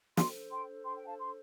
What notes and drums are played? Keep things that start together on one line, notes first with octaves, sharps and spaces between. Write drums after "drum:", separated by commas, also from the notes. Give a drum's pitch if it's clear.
D4 A4 C5 G5 C6, drum: snare
G5 C6
G5 C6
G5
F5 A5
C6